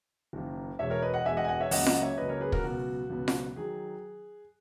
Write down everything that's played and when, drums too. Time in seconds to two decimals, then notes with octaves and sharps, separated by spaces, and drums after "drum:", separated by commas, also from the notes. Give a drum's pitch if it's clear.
0.33 F#1 F#2 D#3 A#3
0.79 E1 E2 B2 G#3 C#5 E5
0.90 A#4 C#5
1.02 B4 D#5
1.14 D#5 F#5
1.25 E1 E2 B2 G#3 E5 G#5
1.37 D#5 F#5
1.44 G#5
1.48 D#5 F#5
1.60 C#5 E5
1.71 C#2 C#3 F#3 A#3 D#5 F#5, drum: open hi-hat
1.87 D#5 F#5, drum: snare F4
2.02 C#5 E5
2.18 C#2 C#3 F#3 A#3 B4 D#5
2.29 A#4 C#5
2.41 G#4 B4
2.52 F#4 A#4, drum: kick
2.64 C#2 B2 F#3 B3 F#4
3.10 C#2 B2 F#3 B3
3.28 drum: snare F4
3.56 D#3 F#3 G#4